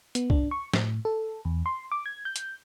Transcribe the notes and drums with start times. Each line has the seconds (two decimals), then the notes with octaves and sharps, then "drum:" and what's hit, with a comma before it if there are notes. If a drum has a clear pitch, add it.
0.15 B3, drum: hi-hat
0.30 D4, drum: kick C2
0.51 C#6
0.73 A2, drum: snare
1.05 A4
1.45 E2
1.66 C6
1.92 D6
2.06 G#6
2.25 G6
2.36 drum: hi-hat